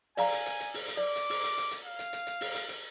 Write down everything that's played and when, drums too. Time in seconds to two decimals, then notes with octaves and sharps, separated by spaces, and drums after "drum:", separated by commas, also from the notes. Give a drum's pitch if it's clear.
0.17 D5 F5 G#5 A#5, drum: open hi-hat
0.32 drum: hi-hat
0.46 drum: hi-hat
0.60 drum: hi-hat
0.74 drum: open hi-hat
0.88 drum: hi-hat
0.97 D5 D6
1.16 drum: hi-hat
1.30 drum: open hi-hat
1.44 drum: hi-hat
1.57 drum: hi-hat
1.71 drum: hi-hat
1.85 F5
1.99 drum: hi-hat
2.13 drum: hi-hat
2.27 drum: hi-hat
2.41 drum: open hi-hat
2.55 drum: hi-hat
2.68 drum: hi-hat